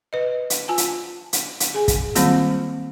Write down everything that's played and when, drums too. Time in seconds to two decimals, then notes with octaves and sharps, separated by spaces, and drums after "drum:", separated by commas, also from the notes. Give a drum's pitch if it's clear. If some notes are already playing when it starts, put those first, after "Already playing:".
0.13 B4 D#5
0.50 drum: hi-hat
0.68 F4 G#5 A5
0.78 drum: hi-hat
1.33 drum: hi-hat
1.60 drum: hi-hat
1.74 G#4 G#5
1.88 drum: kick, hi-hat
2.15 D#3 F#3 G3 A#3 C4 F4, drum: hi-hat